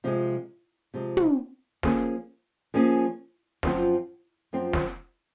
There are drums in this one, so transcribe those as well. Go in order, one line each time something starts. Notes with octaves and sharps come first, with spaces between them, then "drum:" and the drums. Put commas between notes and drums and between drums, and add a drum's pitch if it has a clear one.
C3 F3 G#3
C3 F3 G#3
drum: tom
F3 A#3 C#4 G#4, drum: snare
F3 A#3 C#4 G#4
F#2 F3 C4 F4, drum: snare
F#2 F3 C4 F4
drum: snare